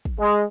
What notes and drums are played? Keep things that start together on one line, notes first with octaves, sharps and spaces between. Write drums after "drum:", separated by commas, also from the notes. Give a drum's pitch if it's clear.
drum: kick
G#3